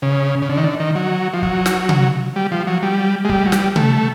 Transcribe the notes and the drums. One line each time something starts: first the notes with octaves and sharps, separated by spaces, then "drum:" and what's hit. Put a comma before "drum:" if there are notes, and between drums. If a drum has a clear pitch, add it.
C#3
C#3
D3
D#3
D3
D#3
F#3
F3
F#3, drum: kick
drum: snare
drum: tom C3
G3
F3
F#3
G3
G#3
G3, drum: kick
F#3
G3, drum: snare
A3, drum: tom C3